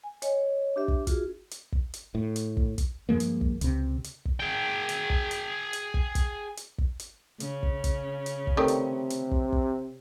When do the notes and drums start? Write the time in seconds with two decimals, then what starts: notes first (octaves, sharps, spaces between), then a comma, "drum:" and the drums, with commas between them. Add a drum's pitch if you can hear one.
0.04 G#5
0.22 C#5 D#5, drum: hi-hat
0.76 D4 G4 E5
0.88 drum: kick
1.07 F4 F#4 G#4, drum: kick, hi-hat
1.51 drum: hi-hat
1.72 drum: kick
1.94 drum: hi-hat
2.15 A2
2.36 drum: hi-hat
2.57 drum: kick
2.78 drum: kick, hi-hat
3.09 G2 F3 G#3 A#3
3.20 drum: hi-hat
3.41 drum: kick
3.61 C#2 C3, drum: hi-hat
4.04 drum: hi-hat
4.25 drum: kick
4.40 G#4 G5
4.89 drum: hi-hat
5.10 drum: kick
5.31 drum: hi-hat
5.73 drum: hi-hat
5.94 drum: kick
6.15 drum: kick, hi-hat
6.57 drum: hi-hat
6.78 drum: kick
6.99 drum: hi-hat
7.40 C#3, drum: hi-hat
7.63 drum: kick
7.84 drum: kick, hi-hat
8.26 drum: hi-hat
8.47 drum: kick
8.57 C3 D#3 A3 D5
8.68 drum: hi-hat
9.10 drum: hi-hat
9.31 drum: kick
9.52 drum: kick